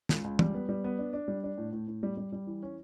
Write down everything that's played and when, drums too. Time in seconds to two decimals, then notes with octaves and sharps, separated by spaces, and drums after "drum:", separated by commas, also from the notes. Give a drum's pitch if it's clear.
0.09 C#2, drum: snare
0.24 C#2
0.39 G3, drum: tom
0.54 B3
0.69 G3
0.84 B3
0.99 D4
1.13 D4
1.28 G3
1.44 D4
1.58 A2
1.73 A2
1.88 A2
2.03 G3
2.17 G3
2.32 G3
2.47 E3
2.63 C#4